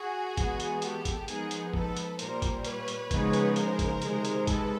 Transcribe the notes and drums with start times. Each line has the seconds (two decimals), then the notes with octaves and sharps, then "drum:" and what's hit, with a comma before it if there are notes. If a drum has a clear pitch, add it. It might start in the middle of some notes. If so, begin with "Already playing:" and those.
Already playing: F#4 G#4
0.37 E3 G#3 B3, drum: kick, hi-hat
0.60 drum: hi-hat
0.82 G4 A4, drum: hi-hat
1.05 drum: kick, hi-hat
1.28 F3 G#3 B3 D#4 G#4 A#4, drum: hi-hat
1.51 drum: hi-hat
1.74 A4 B4, drum: kick
1.97 drum: hi-hat
2.19 A#2 G3 A#3 A#4 C5, drum: hi-hat
2.42 drum: kick, hi-hat
2.65 B4 C#5, drum: hi-hat
2.88 drum: hi-hat
3.11 C#3 F3 G#3 B3 D#4, drum: kick, hi-hat
3.33 drum: hi-hat
3.56 A#4 C5, drum: hi-hat
3.79 drum: kick, hi-hat
4.02 C3 D#3 G#3, drum: hi-hat
4.25 drum: hi-hat
4.47 A4 B4, drum: kick, hi-hat